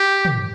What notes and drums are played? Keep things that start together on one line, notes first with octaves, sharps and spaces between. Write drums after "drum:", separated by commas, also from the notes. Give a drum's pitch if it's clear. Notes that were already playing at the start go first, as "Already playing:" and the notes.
Already playing: G4
drum: tom